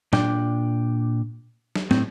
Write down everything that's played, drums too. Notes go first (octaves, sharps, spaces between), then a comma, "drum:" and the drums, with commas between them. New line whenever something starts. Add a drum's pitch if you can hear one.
A#2 D4 D5 G5, drum: snare
drum: snare
A2 C4, drum: snare